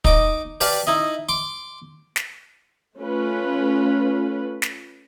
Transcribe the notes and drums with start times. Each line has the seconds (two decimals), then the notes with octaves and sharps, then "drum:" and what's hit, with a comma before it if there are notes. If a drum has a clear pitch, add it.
0.05 D#4 D#5 D6, drum: kick
0.61 G4 B4 D5 F5 A5, drum: open hi-hat
0.87 D#4 E4 D#5
1.29 C6 D6
2.16 drum: snare
2.99 A3 C#4 F4 B4
4.62 drum: snare